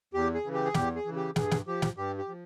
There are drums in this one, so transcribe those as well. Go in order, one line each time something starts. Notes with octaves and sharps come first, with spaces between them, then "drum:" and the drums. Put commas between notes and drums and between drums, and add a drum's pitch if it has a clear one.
E2 G4
G#4
C#3 E3
G4
G#4
E2 G4, drum: snare
G#4
C#3 E3
G4
G2 G#4, drum: snare
drum: snare
F3 G4
drum: snare
G2 G4
G4
F3